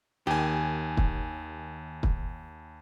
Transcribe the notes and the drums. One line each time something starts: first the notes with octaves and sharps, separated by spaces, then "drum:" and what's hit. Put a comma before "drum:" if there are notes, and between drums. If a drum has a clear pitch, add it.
D#2 D#3 G4 G#5
drum: kick
drum: kick